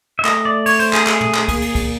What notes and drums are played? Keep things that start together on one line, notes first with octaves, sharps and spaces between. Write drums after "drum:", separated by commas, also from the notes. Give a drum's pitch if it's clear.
E5
A3 D#5, drum: clap
D5
C#5, drum: cymbal
C5, drum: cymbal
G#4, drum: clap
G#4, drum: clap
drum: tom
drum: clap
A#3, drum: kick, cymbal
drum: cymbal
drum: kick, cymbal